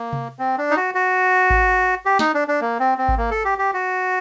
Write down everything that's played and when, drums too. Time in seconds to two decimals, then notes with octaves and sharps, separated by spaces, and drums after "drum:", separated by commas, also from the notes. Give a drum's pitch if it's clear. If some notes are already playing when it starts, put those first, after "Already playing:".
Already playing: A#3
0.13 drum: tom C3
0.39 C4
0.58 D4
0.71 D#4
0.76 F#4
0.95 F#4
1.50 drum: kick G#1
2.06 G4
2.19 D#4, drum: snare
2.34 D4
2.48 D4
2.61 A#3
2.80 C4
2.98 C4
3.08 drum: kick G#1
3.17 A#3
3.31 A4
3.45 G4
3.58 G4
3.73 F#4